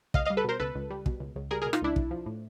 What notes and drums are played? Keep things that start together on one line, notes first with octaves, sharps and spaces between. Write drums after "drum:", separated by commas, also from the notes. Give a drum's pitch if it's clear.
C#2 D#5 F5, drum: kick
D#5 F5
G3
A4 B4
B2 A#4 C5
C#2 A4 B4
C#2
G3
B2, drum: kick
C#2
C#2
G3 G#4 A#4
G#4 A#4
B2
D#4 F4, drum: rim click
C#2 D4 E4
B1, drum: kick
F3
A2